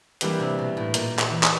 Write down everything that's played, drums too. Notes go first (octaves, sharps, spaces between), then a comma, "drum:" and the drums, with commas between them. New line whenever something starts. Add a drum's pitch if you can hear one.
E3 G3 A#3 D4 G4 B4, drum: hi-hat
C3
B2
A2
A#2, drum: hi-hat
drum: clap
E3
drum: clap